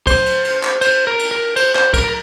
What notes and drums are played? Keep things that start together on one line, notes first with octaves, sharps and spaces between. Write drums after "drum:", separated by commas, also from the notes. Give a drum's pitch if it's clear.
C5, drum: kick, cymbal
drum: cymbal
drum: cymbal
drum: clap
C5, drum: cymbal
A#4
drum: cymbal
A#4
C5, drum: cymbal
C5, drum: clap
A#4, drum: kick, cymbal
A#4